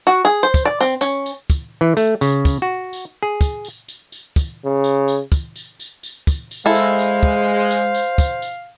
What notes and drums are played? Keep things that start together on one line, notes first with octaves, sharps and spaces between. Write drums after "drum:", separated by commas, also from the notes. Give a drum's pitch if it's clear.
F#4
G#4
C5
drum: kick, tambourine
D5
C4, drum: tambourine
C#4, drum: tambourine
drum: tambourine
drum: kick, tambourine
E3
A3, drum: tambourine
C#3, drum: tambourine
drum: kick, tambourine
F#4
drum: tambourine
G#4
drum: kick, tambourine
drum: tambourine
drum: tambourine
drum: tambourine
drum: kick, tambourine
C#3
drum: tambourine
drum: tambourine
drum: kick, tambourine
drum: tambourine
drum: tambourine
drum: tambourine
drum: kick, tambourine
drum: tambourine
G#3 E4 A4 C5 F5
drum: tambourine
drum: tambourine
drum: kick
drum: tambourine
drum: tambourine
drum: kick, tambourine
drum: tambourine